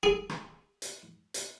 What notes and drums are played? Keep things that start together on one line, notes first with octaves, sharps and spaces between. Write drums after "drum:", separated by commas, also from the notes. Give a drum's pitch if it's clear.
G#4
drum: rim click
drum: hi-hat
drum: hi-hat